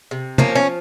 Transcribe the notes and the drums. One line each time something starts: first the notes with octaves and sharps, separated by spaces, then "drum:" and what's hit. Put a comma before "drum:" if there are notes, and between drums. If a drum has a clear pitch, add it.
C3
F3 A#3 C#4, drum: tom
C#4